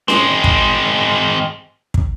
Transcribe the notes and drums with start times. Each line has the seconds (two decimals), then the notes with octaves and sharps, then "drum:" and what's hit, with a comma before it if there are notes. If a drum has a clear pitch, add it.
0.08 G#3 C4, drum: snare C#4
0.44 drum: kick
1.94 drum: kick